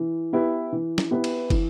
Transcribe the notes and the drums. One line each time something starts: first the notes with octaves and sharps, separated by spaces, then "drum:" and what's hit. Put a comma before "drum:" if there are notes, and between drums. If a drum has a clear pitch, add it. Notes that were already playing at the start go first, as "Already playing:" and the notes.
Already playing: E3
B3 E4 G4 B4
E3
drum: snare
B3 E4 G4 B4
drum: cymbal
E3, drum: kick, cymbal